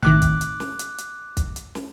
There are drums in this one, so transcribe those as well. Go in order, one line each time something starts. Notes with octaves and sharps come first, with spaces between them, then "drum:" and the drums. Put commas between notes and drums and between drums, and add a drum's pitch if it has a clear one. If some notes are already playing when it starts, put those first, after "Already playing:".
A2 C3 D#3 D6 F#6, drum: tom A1
drum: kick, hi-hat
drum: hi-hat
drum: snare
drum: hi-hat
drum: hi-hat
drum: kick, hi-hat
drum: hi-hat
drum: snare